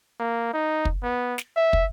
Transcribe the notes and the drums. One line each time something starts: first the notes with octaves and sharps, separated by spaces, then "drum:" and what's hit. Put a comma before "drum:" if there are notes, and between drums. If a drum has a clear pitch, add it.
A#3
D#4
drum: kick
B3
drum: snare
E5
drum: kick